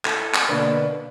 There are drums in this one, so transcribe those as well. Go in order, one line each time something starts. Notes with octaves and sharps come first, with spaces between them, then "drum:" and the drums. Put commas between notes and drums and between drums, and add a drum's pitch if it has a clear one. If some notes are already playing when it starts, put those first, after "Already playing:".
E4 A4, drum: clap
drum: clap
B2 D3 A#3 B3 D4 B4